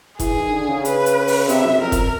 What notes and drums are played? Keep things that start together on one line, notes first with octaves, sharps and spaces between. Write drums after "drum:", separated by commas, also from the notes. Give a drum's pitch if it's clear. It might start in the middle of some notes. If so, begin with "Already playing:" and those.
E3 G#4, drum: kick F#1, hi-hat
D#3
D3
C#3
B4, drum: hi-hat
drum: hi-hat
drum: open hi-hat
C3 E5, drum: hi-hat
F#2
F2 A#4
drum: kick F#1, hi-hat